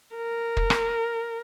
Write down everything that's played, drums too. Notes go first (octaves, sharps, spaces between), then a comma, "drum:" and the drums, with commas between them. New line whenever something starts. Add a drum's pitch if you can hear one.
A#4
drum: kick
drum: rim click